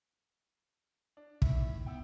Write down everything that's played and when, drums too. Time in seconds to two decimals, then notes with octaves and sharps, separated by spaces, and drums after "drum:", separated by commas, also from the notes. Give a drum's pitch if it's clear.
1.17 D4
1.42 A2 D#3 E5, drum: kick
1.86 B3 G5 E6